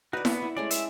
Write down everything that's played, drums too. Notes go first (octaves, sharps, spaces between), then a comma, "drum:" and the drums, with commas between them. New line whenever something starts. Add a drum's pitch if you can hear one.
D#4 F#4 B4 D5
B3, drum: snare E4
E4
G#3 A3 C#4 D5
E5, drum: hi-hat